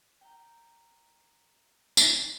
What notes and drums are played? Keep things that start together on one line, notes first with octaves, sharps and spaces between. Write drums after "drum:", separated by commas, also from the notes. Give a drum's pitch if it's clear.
G5 A#5
drum: tambourine